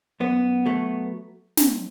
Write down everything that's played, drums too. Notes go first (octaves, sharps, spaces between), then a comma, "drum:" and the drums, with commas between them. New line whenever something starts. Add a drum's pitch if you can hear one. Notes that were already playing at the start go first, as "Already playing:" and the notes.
F#2 B3
F#3 A3
drum: snare